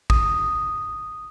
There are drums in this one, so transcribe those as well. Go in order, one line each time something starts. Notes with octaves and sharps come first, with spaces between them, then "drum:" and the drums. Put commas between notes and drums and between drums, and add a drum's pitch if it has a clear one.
D#6, drum: kick